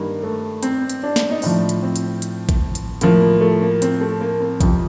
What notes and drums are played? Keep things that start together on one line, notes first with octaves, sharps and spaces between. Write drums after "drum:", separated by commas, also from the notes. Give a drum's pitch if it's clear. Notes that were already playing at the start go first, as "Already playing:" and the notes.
Already playing: G2 D#3 A#3
A3
C4, drum: hi-hat
drum: hi-hat
D4
drum: snare
D#4
A2 F3 D4, drum: open hi-hat
drum: hi-hat
C4
drum: hi-hat
drum: hi-hat
drum: kick A1, hi-hat
drum: hi-hat
A2 F3 A#3, drum: hi-hat
A#3
A3
A#3
C4, drum: hi-hat
A3
A#3
C4
F2 C3 F3, drum: kick A1, hi-hat